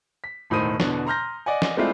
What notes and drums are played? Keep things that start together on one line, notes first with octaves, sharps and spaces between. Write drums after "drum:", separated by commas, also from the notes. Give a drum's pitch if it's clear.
B6
E1 A2 D#3 C5 D#6 D#7
E2 B2 D3, drum: snare
A#5 C6 F6 G6 A#6
D5 D#5 F#5 G#5
drum: snare
G#3 A3 C4 D4 E4 F4